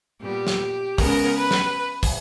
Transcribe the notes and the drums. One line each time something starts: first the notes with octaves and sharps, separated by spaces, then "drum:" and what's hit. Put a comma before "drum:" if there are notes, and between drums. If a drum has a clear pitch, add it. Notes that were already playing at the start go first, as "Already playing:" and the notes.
A#2 G3 B3 G4
drum: snare
C#3 G#3 B3 A#4, drum: kick, open hi-hat
B4
drum: snare
drum: kick, open hi-hat